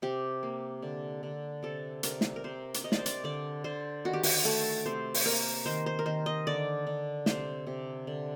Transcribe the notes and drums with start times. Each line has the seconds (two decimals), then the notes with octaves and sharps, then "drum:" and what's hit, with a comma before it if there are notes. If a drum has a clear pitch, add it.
0.02 C3 G4
0.43 A#3
0.82 D3
1.23 D3
1.63 C3 A4
2.03 C3 A#4, drum: hi-hat
2.21 drum: snare
2.36 A#4
2.44 C3 C5
2.74 drum: hi-hat
2.84 C3 D#5
2.92 D5, drum: snare
2.98 C5
3.06 D5, drum: hi-hat
3.24 D3 D5
3.64 D3 C5
4.05 D#3 F#4
4.13 G4
4.23 F#4, drum: open hi-hat
4.45 A3 A4
4.86 C3 C5
5.14 drum: open hi-hat
5.25 A#3 A#4
5.66 D#3 C5
5.86 C5
5.99 A#4
6.06 D#3 C5
6.26 D#5
6.47 D3 D5
6.87 D3
7.26 C3 C5, drum: snare
7.67 C3
8.07 D3